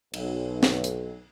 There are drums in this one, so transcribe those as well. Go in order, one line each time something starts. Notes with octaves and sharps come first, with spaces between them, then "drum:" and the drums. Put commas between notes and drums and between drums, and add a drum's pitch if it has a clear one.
B1, drum: cymbal
drum: snare
drum: hi-hat